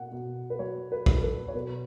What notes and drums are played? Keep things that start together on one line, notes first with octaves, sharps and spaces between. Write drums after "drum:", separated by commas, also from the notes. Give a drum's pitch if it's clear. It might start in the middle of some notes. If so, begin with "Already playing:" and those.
Already playing: B2 F#5
B2
B4
F#3 C#5
B4
F#3, drum: kick
A4
B4
C#5
B2 B4